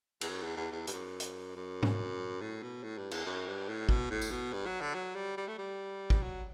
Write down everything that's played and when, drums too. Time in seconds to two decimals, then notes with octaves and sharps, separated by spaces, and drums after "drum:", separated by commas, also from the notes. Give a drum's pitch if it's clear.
0.21 E2, drum: cymbal
0.29 F#2
0.43 E2
0.57 E2
0.72 E2
0.87 G2, drum: hi-hat
0.93 F#2
1.20 drum: hi-hat
1.56 F#2
1.83 drum: tom G#2
2.41 A2
2.63 B2
2.83 A2
2.98 G2
3.11 E2, drum: cymbal
3.26 F#2
3.47 G2
3.68 A2
3.89 B2, drum: kick G#1
4.11 A2
4.22 drum: tambourine
4.31 B2
4.53 G2
4.66 F#3
4.81 D3
4.94 F#3
5.15 G3
5.38 G3
5.47 A3
5.58 G3
6.10 drum: kick G#1
6.22 F#3